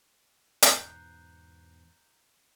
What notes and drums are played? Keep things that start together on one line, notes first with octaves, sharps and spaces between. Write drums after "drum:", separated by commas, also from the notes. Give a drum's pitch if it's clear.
E2 G#2 B2 A#5 F#6 G6, drum: hi-hat